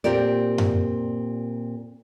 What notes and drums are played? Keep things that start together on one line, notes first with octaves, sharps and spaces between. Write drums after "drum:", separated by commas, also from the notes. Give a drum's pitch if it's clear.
A#2 C4 F4 G4 A#4 D5
drum: tom F#2